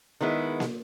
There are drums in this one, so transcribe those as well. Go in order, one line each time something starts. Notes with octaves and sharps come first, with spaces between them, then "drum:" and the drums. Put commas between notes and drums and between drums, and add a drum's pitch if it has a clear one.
D#3 G#3 B3 E4
drum: snare A#3